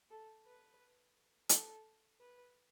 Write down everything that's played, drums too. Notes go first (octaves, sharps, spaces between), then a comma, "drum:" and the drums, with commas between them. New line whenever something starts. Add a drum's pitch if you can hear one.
A4
B4
A4, drum: hi-hat
B4